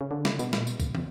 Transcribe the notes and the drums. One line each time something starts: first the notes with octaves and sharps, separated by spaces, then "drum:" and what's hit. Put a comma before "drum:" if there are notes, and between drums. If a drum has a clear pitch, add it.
C#3
D3
C#3, drum: snare
B2, drum: tambourine
A#2, drum: snare
B2, drum: tambourine
D3, drum: kick, tambourine
C#3
drum: tom